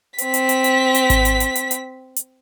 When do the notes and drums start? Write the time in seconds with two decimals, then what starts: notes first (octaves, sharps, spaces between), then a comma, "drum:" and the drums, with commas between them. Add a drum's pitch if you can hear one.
0.18 C4 B6, drum: hi-hat
0.34 drum: hi-hat
0.49 drum: hi-hat
0.64 drum: hi-hat
0.95 drum: hi-hat
1.10 drum: kick G#1, hi-hat
1.25 drum: hi-hat
1.40 drum: hi-hat
1.55 drum: hi-hat
1.71 drum: hi-hat
2.16 drum: hi-hat